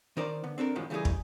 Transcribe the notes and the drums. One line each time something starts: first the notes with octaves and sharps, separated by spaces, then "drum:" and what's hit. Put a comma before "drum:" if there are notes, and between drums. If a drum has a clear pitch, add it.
D#3 D#4 A#4 C5 D5
D3 B3
C4 D4 A4 A#4
F#2 A2 D#3 F3 F#3 G#3
C#3 E3 G3 A3 D#4 G#4
drum: kick